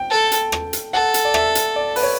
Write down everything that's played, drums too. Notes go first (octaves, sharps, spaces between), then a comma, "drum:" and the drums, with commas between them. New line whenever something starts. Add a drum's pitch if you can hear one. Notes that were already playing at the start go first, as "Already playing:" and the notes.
Already playing: G5
A4
drum: hi-hat
drum: rim click
drum: hi-hat
A4 F#5
drum: hi-hat
D5
E5, drum: rim click
drum: hi-hat
D5
B4, drum: open hi-hat
C#5